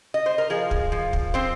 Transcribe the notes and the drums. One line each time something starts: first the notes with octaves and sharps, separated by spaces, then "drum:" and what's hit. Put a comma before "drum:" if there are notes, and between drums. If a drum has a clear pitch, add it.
D#5
C5
A#4
F3 G#4
drum: kick
F3
drum: kick
C4 C5